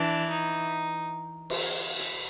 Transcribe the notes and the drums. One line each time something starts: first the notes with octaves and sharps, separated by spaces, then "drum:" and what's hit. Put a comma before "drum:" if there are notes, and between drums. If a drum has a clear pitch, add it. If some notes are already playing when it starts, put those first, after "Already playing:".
Already playing: E3 D4
D#4
drum: cymbal
drum: hi-hat